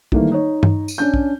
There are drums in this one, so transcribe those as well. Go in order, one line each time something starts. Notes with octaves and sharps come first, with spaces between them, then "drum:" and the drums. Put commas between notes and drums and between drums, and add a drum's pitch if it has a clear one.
D#3 E3 G3 A3 A#3, drum: kick
D#4 C#5
drum: tom G2
drum: tambourine
C#4 D4 G6
drum: kick